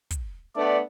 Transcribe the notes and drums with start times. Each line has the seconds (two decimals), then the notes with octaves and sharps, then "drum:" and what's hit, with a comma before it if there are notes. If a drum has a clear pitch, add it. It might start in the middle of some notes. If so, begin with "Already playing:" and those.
0.11 drum: kick, hi-hat
0.56 A3 B3 D4 D5